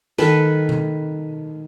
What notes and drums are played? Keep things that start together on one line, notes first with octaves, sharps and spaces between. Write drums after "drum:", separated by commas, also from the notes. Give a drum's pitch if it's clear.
D#3 A4 B4, drum: snare
drum: tom B2